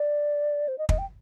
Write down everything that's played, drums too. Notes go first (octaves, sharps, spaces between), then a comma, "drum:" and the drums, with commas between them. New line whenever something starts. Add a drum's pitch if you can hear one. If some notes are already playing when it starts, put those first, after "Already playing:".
Already playing: D5
C5
D#5
D#5, drum: kick
G5